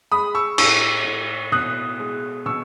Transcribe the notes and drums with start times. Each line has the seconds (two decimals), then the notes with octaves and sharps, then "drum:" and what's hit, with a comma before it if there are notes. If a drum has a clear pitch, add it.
0.11 G#3 B5 D#6
0.35 C#6 E6
0.58 A2 C#6 E6, drum: cymbal
1.05 A2
1.52 B2 D#6 F#6
1.99 G#3
2.46 B2 C#6 E6